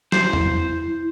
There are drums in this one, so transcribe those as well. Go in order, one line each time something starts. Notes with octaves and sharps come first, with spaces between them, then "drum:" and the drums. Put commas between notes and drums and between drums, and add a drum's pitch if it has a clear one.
E4 C5, drum: snare
drum: tom